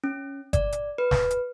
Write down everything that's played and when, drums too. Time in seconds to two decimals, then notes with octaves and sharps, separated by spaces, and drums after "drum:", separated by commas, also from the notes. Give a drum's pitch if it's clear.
0.04 C#4
0.53 D5, drum: kick G1, hi-hat
0.72 drum: hi-hat
0.98 B4
1.11 drum: snare
1.31 drum: hi-hat